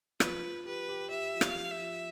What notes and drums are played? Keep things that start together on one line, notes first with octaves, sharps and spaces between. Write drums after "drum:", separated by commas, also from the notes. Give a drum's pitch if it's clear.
F3 B4, drum: rim click
F3
G4 B4
G4
G4 E5
F3
F5, drum: rim click
F3
E5
F3